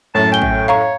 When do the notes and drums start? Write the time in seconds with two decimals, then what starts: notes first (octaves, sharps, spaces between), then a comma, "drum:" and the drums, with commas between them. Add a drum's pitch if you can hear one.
0.15 F#2 A2 A5
0.32 G5 G#5 G7
0.42 drum: kick A1
0.68 C#5 F5 A#5 C#6